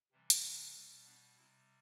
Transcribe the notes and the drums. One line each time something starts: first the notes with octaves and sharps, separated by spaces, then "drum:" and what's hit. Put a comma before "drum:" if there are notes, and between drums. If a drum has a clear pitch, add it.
C3 E3 G3 C4
drum: hi-hat
C4
B2 G3
B3 D4
C3 G3 C4 E4